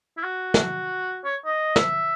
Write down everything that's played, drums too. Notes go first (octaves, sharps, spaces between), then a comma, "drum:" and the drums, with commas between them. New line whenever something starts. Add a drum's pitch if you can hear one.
E4
F#4
drum: snare
C#5
D#5
E5, drum: snare